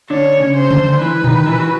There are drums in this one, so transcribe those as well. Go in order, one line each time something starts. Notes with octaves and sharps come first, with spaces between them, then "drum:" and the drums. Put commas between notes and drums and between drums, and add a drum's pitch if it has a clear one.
D3 D4 C#5
C#3 C#4
C5
D3 D4, drum: tom C#3
E3 E4 B4
D#3 D#4, drum: tom A#2
E3 E4
F#4